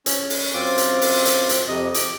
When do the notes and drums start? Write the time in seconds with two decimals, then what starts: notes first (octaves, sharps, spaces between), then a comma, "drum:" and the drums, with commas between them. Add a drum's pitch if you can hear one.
0.06 C#4, drum: hi-hat
0.30 drum: open hi-hat
0.54 F#2 C4 F4 D6
0.78 drum: hi-hat
1.01 drum: open hi-hat
1.25 drum: hi-hat
1.49 drum: hi-hat
1.67 F2 C3 D#5
1.94 D6, drum: hi-hat